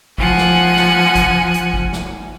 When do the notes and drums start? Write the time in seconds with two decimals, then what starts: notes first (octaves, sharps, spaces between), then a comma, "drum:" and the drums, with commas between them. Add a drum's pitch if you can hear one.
0.18 F3 F#5 G#5, drum: kick G#1
0.38 drum: snare
0.77 drum: snare
1.15 drum: kick G#1, hi-hat
1.54 drum: hi-hat
1.74 drum: kick G#1
1.93 drum: snare